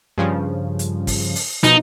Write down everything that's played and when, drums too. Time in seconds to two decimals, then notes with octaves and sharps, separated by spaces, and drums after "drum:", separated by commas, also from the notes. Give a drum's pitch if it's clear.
0.18 G2 C#3 F3
0.79 drum: hi-hat
1.07 drum: kick, open hi-hat
1.35 drum: open hi-hat
1.63 B2 F3 D#4, drum: hi-hat